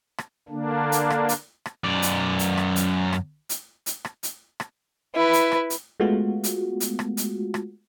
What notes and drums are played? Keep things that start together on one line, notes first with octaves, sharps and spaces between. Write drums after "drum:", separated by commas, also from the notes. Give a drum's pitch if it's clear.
drum: rim click
D3 A#3 D4
drum: hi-hat
drum: rim click
drum: hi-hat
drum: rim click
F#2 D5
drum: hi-hat
drum: hi-hat
drum: rim click
drum: hi-hat
drum: rim click
drum: hi-hat
drum: hi-hat
drum: rim click
drum: hi-hat
drum: rim click
E4 B4
drum: hi-hat
drum: rim click
drum: hi-hat
G#3 A3 B3 F4 F#4
drum: hi-hat
drum: hi-hat
drum: rim click
drum: hi-hat
drum: rim click